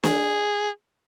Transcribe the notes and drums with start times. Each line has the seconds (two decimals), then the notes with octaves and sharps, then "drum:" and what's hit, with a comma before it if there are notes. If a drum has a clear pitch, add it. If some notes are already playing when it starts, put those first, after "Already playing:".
0.03 G#4, drum: snare